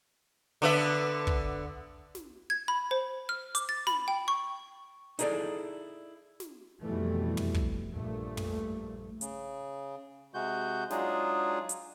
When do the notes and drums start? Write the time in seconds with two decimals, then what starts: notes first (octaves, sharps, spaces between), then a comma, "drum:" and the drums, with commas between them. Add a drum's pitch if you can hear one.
0.62 D3 B3 E5
1.27 drum: kick
2.15 drum: snare
2.50 G#6
2.68 B5
2.91 C5
3.29 F6
3.55 D6, drum: hi-hat
3.69 A6
3.87 B5, drum: snare
4.08 G5
4.28 C#6
5.19 D#4 E4 G#4 A4 D5, drum: hi-hat
6.40 drum: snare
6.83 F2 B2 E3 G3 A3
7.37 drum: tom
7.54 drum: kick
7.90 A#1 G2 A#2 A3
8.37 drum: tom
9.21 C#3, drum: hi-hat
10.34 C3 G#3 F#4 G6
10.90 F#3 G#3 D4 D#4 F4 G#4, drum: snare
11.69 drum: hi-hat